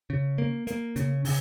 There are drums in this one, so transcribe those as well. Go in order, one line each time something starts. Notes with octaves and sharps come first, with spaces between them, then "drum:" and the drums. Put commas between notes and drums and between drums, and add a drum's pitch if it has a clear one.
C#3
A#3
A#3, drum: hi-hat
C#3, drum: hi-hat
C#3, drum: open hi-hat